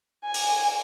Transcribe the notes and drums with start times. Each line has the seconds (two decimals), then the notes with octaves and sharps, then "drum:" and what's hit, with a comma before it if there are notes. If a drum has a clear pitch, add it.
0.25 G#5
0.34 drum: open hi-hat